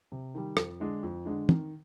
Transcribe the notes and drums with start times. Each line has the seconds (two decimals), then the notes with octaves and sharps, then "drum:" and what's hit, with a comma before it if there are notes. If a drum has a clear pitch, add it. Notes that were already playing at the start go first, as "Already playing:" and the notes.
0.12 C3
0.35 D#3 G3
0.57 F2, drum: rim click
0.80 D3 G#3 D4
1.03 F2
1.25 D3 G#3 D4
1.49 D#3, drum: tom